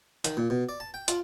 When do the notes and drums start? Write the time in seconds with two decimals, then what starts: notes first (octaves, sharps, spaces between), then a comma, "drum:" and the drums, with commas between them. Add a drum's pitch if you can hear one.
0.24 D#3, drum: hi-hat
0.37 A#2
0.50 B2
0.69 D5
0.80 A5
0.94 G5
1.08 F4, drum: hi-hat